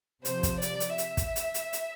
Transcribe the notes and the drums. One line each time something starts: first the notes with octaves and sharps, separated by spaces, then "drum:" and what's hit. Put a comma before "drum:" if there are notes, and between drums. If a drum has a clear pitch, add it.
C3 F3 C5, drum: hi-hat
drum: kick, hi-hat
D5, drum: hi-hat
drum: hi-hat
E5, drum: hi-hat
drum: kick, hi-hat
drum: hi-hat
drum: hi-hat
drum: hi-hat